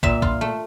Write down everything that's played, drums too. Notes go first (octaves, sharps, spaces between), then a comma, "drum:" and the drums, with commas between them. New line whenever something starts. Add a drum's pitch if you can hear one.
A#2 E5, drum: kick
F4, drum: kick
A3